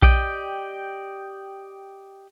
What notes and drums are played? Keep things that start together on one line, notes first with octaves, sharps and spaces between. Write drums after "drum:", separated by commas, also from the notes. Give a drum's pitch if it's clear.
G4 D5 D#5 G5, drum: kick A#1